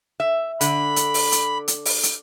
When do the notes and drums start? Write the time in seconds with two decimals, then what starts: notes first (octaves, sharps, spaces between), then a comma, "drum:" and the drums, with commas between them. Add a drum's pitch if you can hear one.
0.20 E5
0.61 D3 B5, drum: hi-hat
0.96 drum: hi-hat
1.14 drum: open hi-hat
1.32 drum: hi-hat
1.68 drum: hi-hat
1.85 drum: open hi-hat
2.03 drum: hi-hat